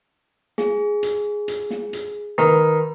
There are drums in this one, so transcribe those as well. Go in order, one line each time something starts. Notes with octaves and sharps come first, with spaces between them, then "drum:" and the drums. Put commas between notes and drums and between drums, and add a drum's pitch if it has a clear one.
G#4, drum: snare
drum: hi-hat
drum: hi-hat
drum: snare
drum: hi-hat
D#3 B4, drum: snare